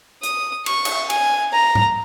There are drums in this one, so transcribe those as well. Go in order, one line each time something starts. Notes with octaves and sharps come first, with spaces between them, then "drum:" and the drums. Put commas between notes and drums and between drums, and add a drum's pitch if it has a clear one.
D#6, drum: hi-hat
C#6, drum: cymbal
drum: cymbal
G#5, drum: cymbal
A#5
drum: tom G#2